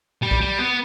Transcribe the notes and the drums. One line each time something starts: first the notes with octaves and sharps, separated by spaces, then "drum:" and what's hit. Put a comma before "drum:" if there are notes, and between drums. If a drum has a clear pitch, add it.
G3
drum: kick B1
G3
B3